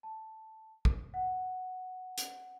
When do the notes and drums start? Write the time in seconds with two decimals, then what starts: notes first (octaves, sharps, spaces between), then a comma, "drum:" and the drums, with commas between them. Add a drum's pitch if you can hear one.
0.03 A5
0.85 drum: kick
1.14 F#5
2.18 drum: hi-hat